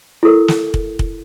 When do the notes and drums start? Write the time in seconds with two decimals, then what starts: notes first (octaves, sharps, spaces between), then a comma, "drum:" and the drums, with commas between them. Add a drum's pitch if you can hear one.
0.23 E4 A4 A#4
0.48 drum: snare
0.74 drum: kick
0.99 drum: kick